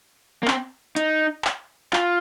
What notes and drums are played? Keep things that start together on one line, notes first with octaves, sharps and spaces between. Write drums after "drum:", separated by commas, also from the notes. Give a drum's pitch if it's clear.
A#3
C4, drum: clap
D#4, drum: hi-hat
drum: clap
F4, drum: clap